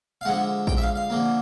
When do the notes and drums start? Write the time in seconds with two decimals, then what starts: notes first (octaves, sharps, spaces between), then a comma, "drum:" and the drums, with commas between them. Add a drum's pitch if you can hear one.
0.21 F5
0.25 D3 F3 G#3 F#5
0.67 G5, drum: kick A1
0.77 E5
0.82 F5
0.96 F5
1.10 D3 F3 A#3